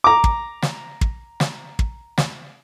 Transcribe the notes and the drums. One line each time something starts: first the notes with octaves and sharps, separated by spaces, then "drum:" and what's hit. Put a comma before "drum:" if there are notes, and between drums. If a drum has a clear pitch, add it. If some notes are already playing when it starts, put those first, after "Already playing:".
A#5 D6
drum: kick
drum: snare
drum: kick
drum: snare
drum: kick
drum: snare